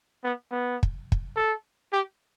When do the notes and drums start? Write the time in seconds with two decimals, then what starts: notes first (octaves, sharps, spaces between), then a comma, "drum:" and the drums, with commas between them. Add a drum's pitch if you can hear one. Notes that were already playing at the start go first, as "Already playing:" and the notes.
0.24 B3
0.51 B3
0.83 drum: kick
1.12 drum: kick
1.36 A4
1.93 G4